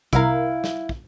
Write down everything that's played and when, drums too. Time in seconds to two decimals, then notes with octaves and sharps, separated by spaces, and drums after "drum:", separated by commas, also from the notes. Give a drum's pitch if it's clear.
0.13 C2 E4 A#4 F5, drum: kick, hi-hat
0.64 drum: snare
0.89 drum: kick